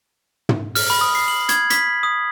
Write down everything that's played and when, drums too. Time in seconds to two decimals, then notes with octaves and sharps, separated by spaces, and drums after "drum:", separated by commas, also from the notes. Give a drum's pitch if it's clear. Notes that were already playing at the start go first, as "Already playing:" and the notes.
0.49 drum: tom
0.75 F6, drum: open hi-hat
0.90 B5
1.01 D#6
1.15 C7
1.28 F#7
1.49 G#6, drum: hi-hat
1.70 B6, drum: hi-hat
2.03 D#6